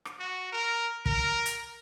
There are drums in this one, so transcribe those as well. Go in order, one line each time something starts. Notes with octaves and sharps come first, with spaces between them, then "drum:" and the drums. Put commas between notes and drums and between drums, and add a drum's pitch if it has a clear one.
drum: rim click
F#4
A#4
A#4, drum: kick
drum: hi-hat